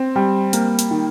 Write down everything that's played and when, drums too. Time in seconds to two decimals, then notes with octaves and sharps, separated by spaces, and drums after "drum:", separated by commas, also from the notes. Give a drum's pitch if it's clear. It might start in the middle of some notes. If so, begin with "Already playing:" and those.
Already playing: C4
0.16 G3
0.53 A#3, drum: hi-hat
0.79 drum: hi-hat
0.91 D#3